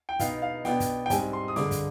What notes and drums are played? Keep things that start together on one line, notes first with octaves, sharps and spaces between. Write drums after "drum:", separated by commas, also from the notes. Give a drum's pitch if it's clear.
G5
B2 B3 D#4 F5, drum: kick, hi-hat
F5
B2 B3 D4 G5, drum: snare
drum: kick, hi-hat
G5
G#2 G3 C4 G#5, drum: kick, hi-hat
C6
D#6
G2 D3 G#3 D6, drum: snare
drum: kick, hi-hat